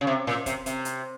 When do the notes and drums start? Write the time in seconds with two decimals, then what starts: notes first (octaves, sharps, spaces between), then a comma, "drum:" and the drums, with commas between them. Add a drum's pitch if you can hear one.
0.01 C#3
0.07 C3
0.27 A#2, drum: snare
0.46 C3, drum: kick, hi-hat
0.66 C3, drum: hi-hat
0.85 drum: hi-hat